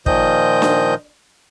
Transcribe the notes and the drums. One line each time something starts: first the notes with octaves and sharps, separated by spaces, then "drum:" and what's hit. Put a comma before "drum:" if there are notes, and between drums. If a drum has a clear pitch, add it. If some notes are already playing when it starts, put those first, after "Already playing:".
A#2 D#3 F3 D#5 G6, drum: kick
drum: snare D4